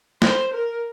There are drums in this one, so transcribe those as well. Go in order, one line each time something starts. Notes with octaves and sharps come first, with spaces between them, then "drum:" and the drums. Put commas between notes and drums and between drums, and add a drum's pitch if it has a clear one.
C5, drum: snare
A#4